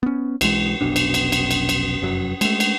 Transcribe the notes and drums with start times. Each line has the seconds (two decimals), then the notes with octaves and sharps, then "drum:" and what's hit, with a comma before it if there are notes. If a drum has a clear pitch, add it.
0.03 B3 C#4
0.41 B1 E3 G#3, drum: cymbal
0.81 F1 B1 B2 D4
0.96 drum: cymbal
1.14 drum: cymbal
1.32 drum: cymbal
1.51 drum: cymbal
1.69 drum: cymbal
2.02 F1 F#2 F#3
2.41 G#3 A3, drum: cymbal
2.60 drum: cymbal